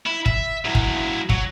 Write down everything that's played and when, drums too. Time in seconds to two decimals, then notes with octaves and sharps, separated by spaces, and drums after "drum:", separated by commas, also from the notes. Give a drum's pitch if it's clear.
0.06 E4
0.26 E5, drum: kick
0.65 F#3 E4
0.75 drum: kick
1.29 F#3, drum: kick